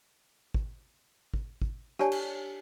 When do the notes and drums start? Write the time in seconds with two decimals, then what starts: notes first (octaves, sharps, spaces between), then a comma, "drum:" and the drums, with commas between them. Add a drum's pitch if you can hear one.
0.54 drum: kick
1.34 drum: kick
1.62 drum: kick
1.99 D4 G4 C#5 D5 G#5 A5, drum: rim click
2.12 drum: cymbal